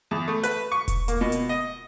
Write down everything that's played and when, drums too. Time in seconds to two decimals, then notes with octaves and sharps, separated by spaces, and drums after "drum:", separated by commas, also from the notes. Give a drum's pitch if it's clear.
0.11 E2
0.28 A3
0.43 B4, drum: hi-hat
0.72 C#6
0.88 drum: kick E1, hi-hat
1.08 A#3, drum: hi-hat
1.21 B2
1.32 drum: hi-hat
1.49 D#5